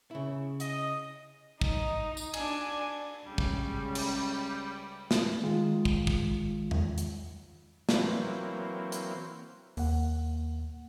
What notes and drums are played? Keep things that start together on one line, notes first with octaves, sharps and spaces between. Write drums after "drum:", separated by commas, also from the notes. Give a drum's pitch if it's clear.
C#3 E4
D#5, drum: hi-hat
D#4, drum: kick
drum: tambourine
D4 G#5, drum: cymbal
C#2 C#3 G3
drum: kick
drum: cymbal
drum: snare
D#3 G#3 F4
drum: kick
drum: kick
drum: tom E2
drum: hi-hat
E3 F#3 A#3 C4, drum: snare
drum: hi-hat
D#2 A#3 F#5, drum: open hi-hat